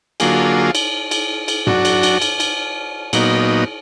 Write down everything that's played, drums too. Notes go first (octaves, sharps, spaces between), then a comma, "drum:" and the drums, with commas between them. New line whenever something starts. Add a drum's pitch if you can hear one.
D3 F#3 A#3 F4 G#4, drum: cymbal
drum: cymbal
drum: cymbal
drum: cymbal
F#3 D4 F#4, drum: tom
drum: cymbal
drum: cymbal
drum: cymbal
drum: cymbal
A#2 F#3 B3 D#4, drum: cymbal